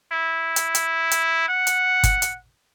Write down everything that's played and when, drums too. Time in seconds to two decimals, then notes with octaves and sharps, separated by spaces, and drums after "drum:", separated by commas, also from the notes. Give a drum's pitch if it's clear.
0.12 E4
0.56 drum: hi-hat
0.75 drum: hi-hat
1.11 drum: hi-hat
1.48 F#5
1.67 drum: hi-hat
2.03 drum: kick G1, hi-hat
2.22 drum: hi-hat